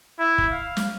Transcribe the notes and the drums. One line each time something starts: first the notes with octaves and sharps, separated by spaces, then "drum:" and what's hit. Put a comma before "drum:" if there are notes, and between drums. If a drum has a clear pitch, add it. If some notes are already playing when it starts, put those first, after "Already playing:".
E4
drum: kick
F5
drum: snare